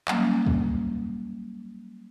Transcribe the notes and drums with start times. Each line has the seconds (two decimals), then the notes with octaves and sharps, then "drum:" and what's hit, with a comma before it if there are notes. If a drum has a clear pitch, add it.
0.08 F#3 G3 A#3 C#4, drum: clap
0.46 drum: kick